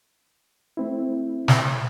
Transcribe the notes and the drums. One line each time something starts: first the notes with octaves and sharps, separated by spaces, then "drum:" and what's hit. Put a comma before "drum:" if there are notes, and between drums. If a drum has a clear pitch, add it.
A3 C4 E4
drum: snare